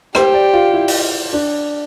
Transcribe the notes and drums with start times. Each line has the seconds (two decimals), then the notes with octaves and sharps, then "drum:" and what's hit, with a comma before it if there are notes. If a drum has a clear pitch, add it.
0.15 G4 C5, drum: rim click
0.34 D5
0.54 F4
0.74 E4
0.88 drum: open hi-hat
1.33 D4